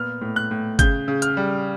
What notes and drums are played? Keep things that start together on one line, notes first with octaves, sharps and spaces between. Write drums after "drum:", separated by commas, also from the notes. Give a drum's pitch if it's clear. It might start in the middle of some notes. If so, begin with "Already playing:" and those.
Already playing: A#2 B3 F6
A2
F#6
A2
C#3 G6, drum: kick G1, hi-hat
C#3
F6, drum: hi-hat
G3